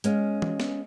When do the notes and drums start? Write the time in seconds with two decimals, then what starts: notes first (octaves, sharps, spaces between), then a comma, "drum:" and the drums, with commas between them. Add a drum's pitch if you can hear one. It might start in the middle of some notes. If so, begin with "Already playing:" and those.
0.04 G#3 C#4 F5, drum: hi-hat
0.42 drum: tom
0.60 drum: snare B3